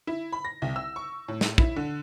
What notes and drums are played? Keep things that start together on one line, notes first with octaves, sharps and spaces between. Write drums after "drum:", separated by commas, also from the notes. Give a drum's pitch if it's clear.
E4
B5
A#6
C2
E6
C#6
A2
drum: snare
E4, drum: kick
D3